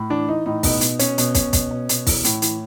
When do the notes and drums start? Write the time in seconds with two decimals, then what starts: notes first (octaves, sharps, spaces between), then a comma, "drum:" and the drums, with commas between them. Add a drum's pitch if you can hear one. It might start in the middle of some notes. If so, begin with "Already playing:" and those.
Already playing: A2
0.10 E3 D4
0.28 E3 D#4
0.46 A2 D#4
0.63 B2 D#4, drum: kick, open hi-hat
0.81 B2, drum: hi-hat
0.99 B2 C#4, drum: hi-hat
1.18 B2, drum: hi-hat
1.34 B2 C#4, drum: kick, hi-hat
1.53 B2, drum: kick, hi-hat
1.71 B2
1.89 B2, drum: hi-hat
2.07 E3, drum: kick, open hi-hat
2.24 A2, drum: hi-hat
2.42 E3, drum: hi-hat